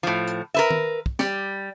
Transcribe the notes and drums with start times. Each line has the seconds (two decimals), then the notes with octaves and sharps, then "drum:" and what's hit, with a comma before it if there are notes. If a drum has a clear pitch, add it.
0.03 A2 F3
0.27 drum: hi-hat
0.54 A#4 B4 E5
0.71 drum: tom D#3
1.06 drum: kick
1.19 G3, drum: snare